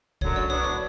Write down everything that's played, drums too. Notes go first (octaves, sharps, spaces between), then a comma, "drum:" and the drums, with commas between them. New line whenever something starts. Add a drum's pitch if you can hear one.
F#2 D3 F#3 C#5, drum: kick C2
D5
A2 F#3 B3 D4 C#5
C#5